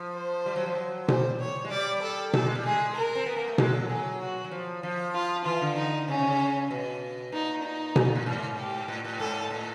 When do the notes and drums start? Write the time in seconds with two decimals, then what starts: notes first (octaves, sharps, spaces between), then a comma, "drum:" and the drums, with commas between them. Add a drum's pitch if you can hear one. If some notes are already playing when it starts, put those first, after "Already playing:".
Already playing: F3
0.15 C5
0.46 G3
0.56 F#3
0.66 F3
0.75 F#3
1.08 G3 C5, drum: tom B2
1.40 C#5
1.65 G#3
1.70 G3 D5
2.03 A4
2.33 A3 A4, drum: tom B2
2.45 G#3
2.55 G3
2.65 G#3 G#4
2.95 A#4
3.15 C4
3.26 B3
3.36 A#3
3.48 A3
3.58 G#3 A4, drum: tom B2
3.73 F#3
3.89 F#3 G#4
4.21 F#4
4.44 F#3
4.51 F3
4.83 F3
5.15 F4
5.45 E3 F4
5.61 D3
5.76 D#4
6.08 C#3 C#4
6.18 C3
6.27 C#3
6.71 B2
7.32 A#2 D#4
7.63 D#4
7.96 B2, drum: tom B2
8.05 A#2
8.15 A2
8.26 G#2
8.58 G4
8.88 A2
9.05 A2
9.20 G#2 A4
9.50 A2